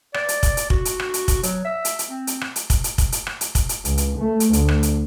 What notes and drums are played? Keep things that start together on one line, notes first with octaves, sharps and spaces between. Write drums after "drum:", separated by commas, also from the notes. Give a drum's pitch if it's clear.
D5, drum: rim click
drum: hi-hat
drum: kick, hi-hat
drum: hi-hat
F#4, drum: kick
drum: hi-hat
drum: rim click
drum: hi-hat
drum: kick, hi-hat
F#3, drum: hi-hat
E5
drum: hi-hat
drum: hi-hat
C4
drum: hi-hat
drum: rim click
drum: hi-hat
drum: kick, hi-hat
drum: hi-hat
drum: kick, hi-hat
drum: hi-hat
drum: rim click
drum: hi-hat
drum: kick, hi-hat
drum: hi-hat
C#2, drum: hi-hat
drum: hi-hat
A3
drum: hi-hat
D2, drum: hi-hat
drum: rim click
drum: hi-hat